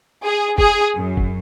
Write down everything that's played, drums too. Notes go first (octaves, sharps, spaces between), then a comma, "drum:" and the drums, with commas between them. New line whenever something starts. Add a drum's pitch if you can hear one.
G#4
G#4, drum: kick
F#2
drum: kick